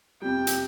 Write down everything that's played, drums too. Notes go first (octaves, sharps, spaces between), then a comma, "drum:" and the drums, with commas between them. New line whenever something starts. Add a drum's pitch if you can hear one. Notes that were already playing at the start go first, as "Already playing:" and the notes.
F2 C3 G3 G5
drum: hi-hat